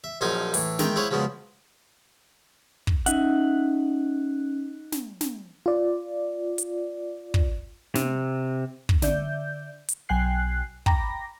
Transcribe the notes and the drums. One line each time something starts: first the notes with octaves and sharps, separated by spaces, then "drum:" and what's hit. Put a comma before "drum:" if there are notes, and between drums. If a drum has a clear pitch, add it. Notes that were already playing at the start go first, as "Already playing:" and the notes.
E5
A#1 F#2 F3 D#4 F4 G#5
A2 E3, drum: open hi-hat
D#3 G#3 E5 G5 A#5, drum: snare
E4 G#4 C5 C#5 F5 F#5
C#3 F3 F#3 G#3 B3
drum: kick
C#4 D#4 E5 F#5, drum: hi-hat
drum: snare
drum: snare
F4 D5
drum: hi-hat
drum: kick
C3, drum: snare
drum: kick
D3 D5 E5 G6, drum: snare
drum: hi-hat
B1 F#3 G5 G#5 F#6 C7
G5 A#5 B5 D6 A#6, drum: kick